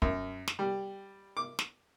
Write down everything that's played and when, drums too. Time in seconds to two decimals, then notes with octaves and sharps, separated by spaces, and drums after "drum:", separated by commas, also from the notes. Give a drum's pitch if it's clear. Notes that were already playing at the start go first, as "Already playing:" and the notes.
0.02 F#2, drum: kick
0.48 drum: snare
0.59 G3
1.37 D6
1.59 drum: snare